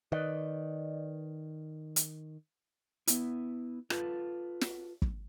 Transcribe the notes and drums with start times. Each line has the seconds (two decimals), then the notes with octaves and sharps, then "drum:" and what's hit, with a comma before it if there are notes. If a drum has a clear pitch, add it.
0.12 D#3 B4 D5 D#5
1.96 drum: hi-hat
3.07 B3 E4, drum: hi-hat
3.90 F4 A4 B4 A5, drum: rim click
4.61 drum: snare
5.02 drum: kick